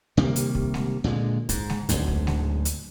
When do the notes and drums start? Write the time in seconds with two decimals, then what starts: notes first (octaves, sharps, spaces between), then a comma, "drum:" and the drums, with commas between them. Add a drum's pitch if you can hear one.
0.17 C3 D#3 G3 A#3
0.36 drum: hi-hat
0.55 drum: kick
0.74 drum: snare G#3
1.04 A#2 D3 E3 G#3
1.49 G#2, drum: kick, hi-hat
1.70 drum: snare G#3
1.89 D1 G#1 D2 G#2, drum: hi-hat
2.08 drum: kick
2.27 drum: snare G#3
2.65 drum: hi-hat